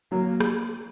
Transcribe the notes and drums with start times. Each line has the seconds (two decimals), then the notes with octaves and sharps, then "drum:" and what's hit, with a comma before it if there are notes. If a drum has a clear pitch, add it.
0.12 F#3 A#3
0.40 drum: rim click